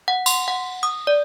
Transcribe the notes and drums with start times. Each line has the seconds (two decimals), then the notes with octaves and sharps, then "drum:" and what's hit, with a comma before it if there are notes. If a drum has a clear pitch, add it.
0.08 F#5
0.26 C6, drum: tambourine
0.48 F#5
0.83 D#6
1.07 D5